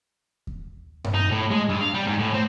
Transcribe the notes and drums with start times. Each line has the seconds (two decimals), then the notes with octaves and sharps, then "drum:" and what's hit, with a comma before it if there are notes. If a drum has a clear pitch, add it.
0.47 drum: kick D#2
1.04 drum: tom G2
1.14 D#4
1.31 A2
1.50 G#3
1.69 G2
1.81 F5
1.94 G3
2.07 G#2
2.19 A2
2.34 C4